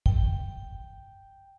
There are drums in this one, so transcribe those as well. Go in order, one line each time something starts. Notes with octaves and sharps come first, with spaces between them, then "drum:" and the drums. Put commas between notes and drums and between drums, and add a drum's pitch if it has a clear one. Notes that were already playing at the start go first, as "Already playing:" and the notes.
G5, drum: kick